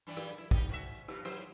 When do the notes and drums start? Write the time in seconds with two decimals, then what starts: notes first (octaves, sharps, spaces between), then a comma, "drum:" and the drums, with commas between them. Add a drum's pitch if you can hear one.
0.07 G2 E3 D5
0.17 drum: rim click
0.38 E4
0.51 D#4 G4, drum: kick
0.69 G#2 F#4 E5
1.08 B2, drum: rim click
1.25 F#3 E4 C5, drum: rim click